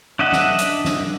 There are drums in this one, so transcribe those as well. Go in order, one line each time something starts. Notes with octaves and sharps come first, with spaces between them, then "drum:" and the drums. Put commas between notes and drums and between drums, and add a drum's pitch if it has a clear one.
D4 D#5 E5 F#5
drum: snare
drum: hi-hat
drum: snare